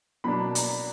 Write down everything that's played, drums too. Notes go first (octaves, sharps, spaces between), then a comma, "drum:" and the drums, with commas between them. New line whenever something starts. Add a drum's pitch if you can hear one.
B2 F#3 A#3 D4 B5
A#5, drum: hi-hat